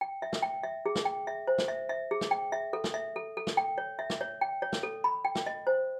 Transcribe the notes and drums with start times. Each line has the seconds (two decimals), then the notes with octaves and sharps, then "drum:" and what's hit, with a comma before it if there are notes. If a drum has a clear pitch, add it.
0.01 G5
0.22 E5
0.33 drum: snare
0.42 G5
0.63 E5
0.86 G#4
0.95 drum: snare
1.05 G5
1.27 E5
1.47 C5
1.58 drum: snare
1.68 E5
1.89 E5
2.11 G#4
2.21 drum: snare
2.31 G5
2.52 E5
2.73 A4
2.84 drum: snare
2.94 E5
3.16 A4
3.37 A4
3.47 drum: snare
3.57 G5
3.78 C#5
3.99 E5
4.10 drum: snare
4.21 C#5
4.41 G5
4.62 C#5
4.72 drum: snare
4.83 A4
5.04 B5
5.25 G5
5.35 drum: snare
5.46 D#5
5.67 C5